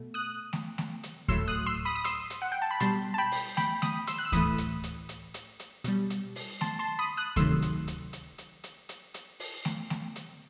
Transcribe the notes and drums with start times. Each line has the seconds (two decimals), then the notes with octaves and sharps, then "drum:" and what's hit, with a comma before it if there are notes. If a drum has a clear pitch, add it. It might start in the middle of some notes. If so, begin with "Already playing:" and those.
Already playing: B2 A3
0.14 D#6 F#6
0.53 drum: snare A3
0.78 drum: snare A3
1.03 drum: hi-hat
1.28 A2 F#3 A3 C6 E6, drum: kick D2
1.48 D#6 F#6
1.66 C6 E6
1.85 B5 D#6
1.96 D#6
2.04 C6 E6, drum: hi-hat
2.30 drum: hi-hat
2.42 F#5
2.52 G5
2.62 A5
2.71 B5
2.80 B2 G3 A5 C6, drum: hi-hat
3.14 A5
3.18 G5 B5
3.31 drum: open hi-hat
3.57 G5 B5, drum: snare A3
3.82 B5 D#6, drum: snare A3
4.07 C6 E6, drum: hi-hat
4.18 F#6
4.25 E6
4.32 A2 E3 A3 B5 D#6, drum: kick D2, hi-hat
4.58 drum: hi-hat
4.83 drum: hi-hat
5.09 drum: hi-hat
5.34 drum: hi-hat
5.59 drum: hi-hat
5.84 B2 G3, drum: hi-hat
6.10 drum: hi-hat
6.35 drum: open hi-hat
6.61 A5 C6, drum: snare A3
6.79 A5 C6
6.99 B5 D#6
7.17 D#6 F#6
7.36 C3 D#3 F#3 A3 C6 E6, drum: kick D2, hi-hat
7.62 drum: hi-hat
7.88 drum: hi-hat
8.13 drum: hi-hat
8.38 drum: hi-hat
8.64 drum: hi-hat
8.89 drum: hi-hat
9.14 drum: hi-hat
9.40 drum: open hi-hat
9.65 drum: snare A3
9.90 drum: snare A3
10.16 drum: hi-hat